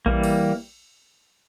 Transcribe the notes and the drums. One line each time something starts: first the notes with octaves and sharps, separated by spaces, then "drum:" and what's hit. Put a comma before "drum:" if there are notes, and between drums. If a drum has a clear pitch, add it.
E3 G3 A#3, drum: kick A#1
drum: cymbal